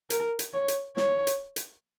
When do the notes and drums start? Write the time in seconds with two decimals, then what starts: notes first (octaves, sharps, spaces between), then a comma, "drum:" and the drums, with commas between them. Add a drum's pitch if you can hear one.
0.10 A#4, drum: hi-hat
0.39 drum: hi-hat
0.53 C#5
0.68 drum: hi-hat
0.97 C#5, drum: snare
1.27 drum: hi-hat
1.56 drum: hi-hat